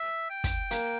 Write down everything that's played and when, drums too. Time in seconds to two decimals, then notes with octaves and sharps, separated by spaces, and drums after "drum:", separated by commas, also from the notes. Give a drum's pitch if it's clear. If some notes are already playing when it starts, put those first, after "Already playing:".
Already playing: E5
0.30 G5
0.44 drum: kick, hi-hat
0.71 A#3, drum: hi-hat